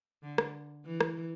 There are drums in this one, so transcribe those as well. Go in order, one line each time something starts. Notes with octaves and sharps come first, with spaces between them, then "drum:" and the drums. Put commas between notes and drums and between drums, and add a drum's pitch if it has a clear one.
D3
drum: rim click
E3
drum: rim click